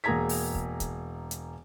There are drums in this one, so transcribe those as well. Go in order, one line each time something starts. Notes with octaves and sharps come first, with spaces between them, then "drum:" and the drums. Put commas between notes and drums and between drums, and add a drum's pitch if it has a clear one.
E1 A#3 G#4 A#5 G#6 B6
drum: open hi-hat
drum: kick
drum: kick, hi-hat
drum: hi-hat